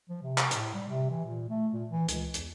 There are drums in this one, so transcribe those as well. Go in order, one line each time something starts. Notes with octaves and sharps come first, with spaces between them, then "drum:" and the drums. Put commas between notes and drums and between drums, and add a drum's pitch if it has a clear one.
F3
C3
drum: clap
A2, drum: hi-hat
G3
C3
E3
A#2
A3
A#2
E3
C#2, drum: hi-hat
E2, drum: hi-hat